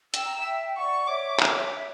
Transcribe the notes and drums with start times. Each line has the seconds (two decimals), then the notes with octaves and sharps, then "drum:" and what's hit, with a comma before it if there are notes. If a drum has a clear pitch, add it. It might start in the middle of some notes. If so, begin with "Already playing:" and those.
0.14 G5 E6, drum: hi-hat
0.26 A#5
0.37 E5 G5
0.76 D5 F#5 C#6
1.07 C#5 E5 D6
1.39 drum: clap
1.75 E5